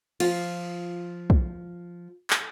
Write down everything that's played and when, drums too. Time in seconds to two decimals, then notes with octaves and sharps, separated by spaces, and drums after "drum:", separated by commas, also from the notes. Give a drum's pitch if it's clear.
0.20 F3 F4, drum: cymbal
1.30 drum: kick
2.30 drum: clap